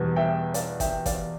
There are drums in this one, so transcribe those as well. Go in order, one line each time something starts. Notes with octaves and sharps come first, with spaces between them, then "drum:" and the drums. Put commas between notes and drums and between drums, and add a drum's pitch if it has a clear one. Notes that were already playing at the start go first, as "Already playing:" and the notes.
Already playing: E2 B2 G3 B3
E5 G5
D5 F5, drum: hi-hat
E5 G5, drum: kick, hi-hat
D5 F5, drum: kick, hi-hat